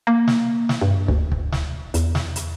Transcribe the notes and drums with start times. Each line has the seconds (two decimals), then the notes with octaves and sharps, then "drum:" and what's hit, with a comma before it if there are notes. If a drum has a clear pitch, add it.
0.07 A#3
0.28 drum: snare
0.69 drum: snare
0.81 G2
1.08 D2, drum: kick
1.32 drum: kick
1.52 drum: snare
1.94 E2, drum: hi-hat
2.15 drum: snare
2.36 drum: hi-hat